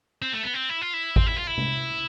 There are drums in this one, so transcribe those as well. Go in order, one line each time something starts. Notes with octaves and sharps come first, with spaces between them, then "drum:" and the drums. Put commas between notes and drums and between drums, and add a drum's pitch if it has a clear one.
C4
A3
B3
C4
E4
F4
E4
C4, drum: kick G#1
E4
F4
E4
drum: tom C3